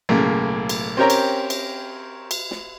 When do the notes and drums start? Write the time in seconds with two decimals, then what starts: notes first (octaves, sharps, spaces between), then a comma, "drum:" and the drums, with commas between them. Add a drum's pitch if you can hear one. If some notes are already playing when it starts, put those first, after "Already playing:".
0.09 B1 A2 C#3 A#3
0.69 drum: cymbal
0.97 C4 C#4 G4 A#4 C#5 A#5
1.10 drum: cymbal
1.50 drum: cymbal
2.31 drum: cymbal
2.51 drum: snare